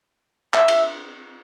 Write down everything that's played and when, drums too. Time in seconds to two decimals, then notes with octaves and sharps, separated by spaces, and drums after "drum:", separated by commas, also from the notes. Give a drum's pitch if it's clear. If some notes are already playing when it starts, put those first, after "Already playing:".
0.54 E5, drum: clap
0.68 drum: cymbal